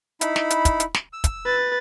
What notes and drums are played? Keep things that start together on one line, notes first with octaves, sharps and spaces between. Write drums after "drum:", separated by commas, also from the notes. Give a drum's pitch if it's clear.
D#4 E4 B5, drum: hi-hat
drum: snare
drum: hi-hat
drum: kick, hi-hat
drum: hi-hat
drum: snare
E6
drum: kick, hi-hat
B4 A6